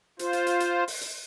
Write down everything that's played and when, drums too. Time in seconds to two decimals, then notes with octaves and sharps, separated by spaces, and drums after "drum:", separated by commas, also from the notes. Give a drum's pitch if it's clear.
0.19 F4 C5, drum: hi-hat
0.33 drum: hi-hat
0.47 drum: hi-hat
0.60 drum: hi-hat
0.88 drum: open hi-hat
1.01 drum: hi-hat